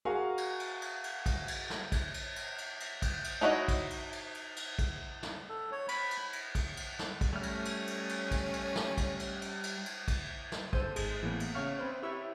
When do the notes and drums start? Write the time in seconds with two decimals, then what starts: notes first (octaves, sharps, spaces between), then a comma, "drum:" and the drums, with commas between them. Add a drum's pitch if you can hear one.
0.05 F#4 G#4 A#4 F5 G#5 C#6
0.38 drum: cymbal
0.60 drum: cymbal
0.82 drum: cymbal
1.04 drum: cymbal
1.26 drum: kick, cymbal
1.48 drum: cymbal
1.70 drum: snare
1.92 drum: kick, cymbal
2.14 drum: cymbal
2.36 drum: cymbal
2.58 drum: cymbal
2.80 drum: cymbal
3.02 drum: kick, cymbal
3.24 drum: cymbal
3.41 D#4 E4 F#4 C#5 D#5
3.68 drum: kick, cymbal
3.90 drum: cymbal
4.12 drum: cymbal
4.34 drum: cymbal
4.57 drum: cymbal
4.79 drum: kick, cymbal
5.23 drum: snare
5.49 A4
5.72 C#5
5.88 B5, drum: cymbal
6.11 drum: cymbal
6.33 drum: cymbal
6.55 drum: kick, cymbal
6.77 drum: cymbal
6.99 drum: snare
7.21 drum: kick, cymbal
7.33 G3 A3 C#4 F6
7.43 drum: cymbal
7.65 drum: cymbal
7.87 drum: cymbal
8.09 drum: cymbal
8.31 drum: kick, cymbal
8.53 drum: cymbal
8.75 drum: snare
8.97 drum: kick, cymbal
9.20 drum: cymbal
9.42 drum: cymbal
9.64 drum: cymbal
9.86 drum: cymbal
10.08 drum: kick, cymbal
10.52 drum: snare
10.73 G1 A4 C5 E6 G6 D#7, drum: kick
10.96 G#1 G#3, drum: cymbal
11.22 A2 E3 A#3 B3
11.40 drum: cymbal
11.54 C#3 C#5 F5 C#6 F6 C7
11.79 C4 B4 C5
12.02 E4 G4 B4 C#5 E5